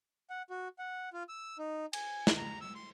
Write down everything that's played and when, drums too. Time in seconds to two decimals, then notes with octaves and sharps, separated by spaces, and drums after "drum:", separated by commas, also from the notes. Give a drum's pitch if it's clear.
0.30 F#5
0.50 F#4
0.79 F#5
1.13 F4
1.29 E6
1.59 D#4
1.93 G#5, drum: cymbal
2.27 drum: snare
2.37 A#5
2.61 E6
2.75 C6